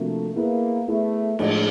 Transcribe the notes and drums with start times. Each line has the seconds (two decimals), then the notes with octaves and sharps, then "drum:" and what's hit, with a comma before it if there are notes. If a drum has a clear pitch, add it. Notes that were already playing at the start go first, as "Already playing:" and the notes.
Already playing: C3 F3 A3 A#3 D4 F#4
0.36 A#3 B3 E4 G#4 B4
0.88 A3 B3 E4 G#4 B4
1.39 A2 F3 G#3 A3 D4 F4, drum: cymbal